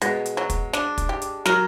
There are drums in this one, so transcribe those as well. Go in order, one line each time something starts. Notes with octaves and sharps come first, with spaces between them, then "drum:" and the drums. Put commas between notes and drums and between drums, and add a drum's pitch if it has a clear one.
B2 G#3, drum: hi-hat
drum: hi-hat
F#3
drum: kick, hi-hat
D4, drum: snare
drum: kick, hi-hat
G4
drum: hi-hat
F#3 A#4, drum: snare